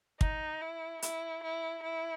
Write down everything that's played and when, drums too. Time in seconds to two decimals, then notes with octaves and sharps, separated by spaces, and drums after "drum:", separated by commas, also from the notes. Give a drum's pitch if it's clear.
0.21 D#4, drum: kick
0.62 E4
1.02 E4, drum: hi-hat
1.44 E4
1.83 E4